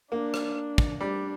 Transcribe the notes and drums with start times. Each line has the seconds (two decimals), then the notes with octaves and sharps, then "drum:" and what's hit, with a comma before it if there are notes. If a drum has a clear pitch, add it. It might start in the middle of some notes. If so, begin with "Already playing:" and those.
0.12 A#3 D4
0.34 drum: rim click
0.78 drum: kick
1.00 G3 D4